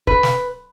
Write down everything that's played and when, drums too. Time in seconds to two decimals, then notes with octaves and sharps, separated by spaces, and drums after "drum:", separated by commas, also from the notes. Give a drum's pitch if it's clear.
0.07 B4, drum: kick
0.23 drum: snare